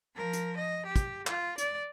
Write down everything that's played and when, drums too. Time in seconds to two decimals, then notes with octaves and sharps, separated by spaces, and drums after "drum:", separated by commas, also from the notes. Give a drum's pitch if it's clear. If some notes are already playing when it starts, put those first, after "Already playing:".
0.15 F3 A#4
0.33 drum: hi-hat
0.57 D#5
0.86 G4
0.96 drum: kick, hi-hat
1.27 F4, drum: clap
1.58 D5, drum: hi-hat